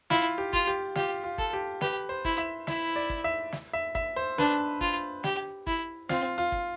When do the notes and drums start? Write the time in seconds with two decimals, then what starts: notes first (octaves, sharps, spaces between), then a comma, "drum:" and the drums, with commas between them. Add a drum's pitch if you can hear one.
0.10 E4 F4, drum: snare
0.38 G4
0.53 F4, drum: kick
0.67 G4
0.95 F4 G4, drum: snare
1.24 F4
1.38 A4, drum: kick
1.53 G4
1.81 G4 B4, drum: snare
2.09 C5
2.25 E4, drum: kick
2.38 E5
2.67 E4 E5, drum: snare
2.96 D5
3.10 drum: kick
3.24 E5
3.52 drum: snare
3.73 E5
3.95 E5, drum: kick
4.16 C5
4.38 D4 B4, drum: snare
4.81 F4, drum: kick
5.24 G4, drum: snare
5.67 E4, drum: kick
6.09 C4 F4, drum: snare
6.38 F4
6.52 drum: kick